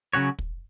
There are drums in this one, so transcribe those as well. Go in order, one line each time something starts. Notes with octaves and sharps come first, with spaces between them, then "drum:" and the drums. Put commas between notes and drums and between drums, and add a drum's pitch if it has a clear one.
C#3 F#3 C#4 F#4 C#5
drum: kick